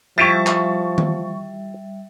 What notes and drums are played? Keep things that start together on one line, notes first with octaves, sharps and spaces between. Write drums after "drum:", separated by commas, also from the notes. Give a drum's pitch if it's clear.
F3 G3 E4 F4 G4 E5 C#6 A6
drum: clap
drum: tom D#3